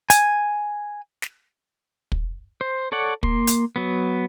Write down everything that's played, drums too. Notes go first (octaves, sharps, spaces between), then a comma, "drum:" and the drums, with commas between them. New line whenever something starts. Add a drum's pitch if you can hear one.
G#5, drum: hi-hat
drum: snare
drum: kick
C5
A4 C#5 D5 F#5
A#3 C6, drum: kick
drum: hi-hat
F#3 B3